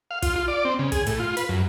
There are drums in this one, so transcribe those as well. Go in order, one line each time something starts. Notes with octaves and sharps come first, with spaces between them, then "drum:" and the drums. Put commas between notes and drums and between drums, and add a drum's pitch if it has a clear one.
F5
F4, drum: kick, hi-hat
F4
D5
C4
C#3
G#4, drum: kick, hi-hat
A2, drum: hi-hat
F4
B4, drum: hi-hat
F#2